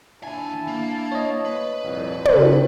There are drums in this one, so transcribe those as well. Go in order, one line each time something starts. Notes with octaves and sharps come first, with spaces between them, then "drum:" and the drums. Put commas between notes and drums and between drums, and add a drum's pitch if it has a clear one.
D#2 D4 E4 G#5 A5
A#3
C#5 D#5
B4
C2 F2 A#2
drum: tom
F#1 C#3 G4